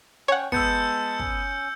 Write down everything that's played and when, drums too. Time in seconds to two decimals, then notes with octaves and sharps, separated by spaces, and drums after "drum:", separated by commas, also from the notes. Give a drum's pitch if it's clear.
0.28 C#4 C#5 F#5 G5
0.52 G#3 B3 A5 E6 G6 C#7, drum: kick
1.19 C#4, drum: kick